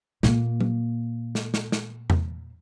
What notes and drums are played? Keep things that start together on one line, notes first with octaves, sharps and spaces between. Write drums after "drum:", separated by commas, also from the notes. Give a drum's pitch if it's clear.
A#2 A#3, drum: snare
drum: tom F#3
drum: snare
drum: snare
drum: snare
drum: tom E2